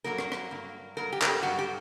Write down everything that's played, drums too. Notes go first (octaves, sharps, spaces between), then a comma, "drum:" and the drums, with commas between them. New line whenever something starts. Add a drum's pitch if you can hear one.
G2 F#3 A#3 A#4
drum: rim click
drum: rim click
G2 F#3 A#3
G2 F#3 A#3 A#4
G4
A#4, drum: clap
G4
G2 F#3 A#3 F#4
G4